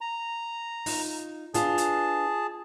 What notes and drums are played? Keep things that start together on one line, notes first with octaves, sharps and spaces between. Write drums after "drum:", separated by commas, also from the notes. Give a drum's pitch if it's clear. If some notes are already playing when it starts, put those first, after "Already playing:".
A#5
D#4 F4, drum: open hi-hat
D4 F4 G#4 B4 A5, drum: hi-hat
drum: hi-hat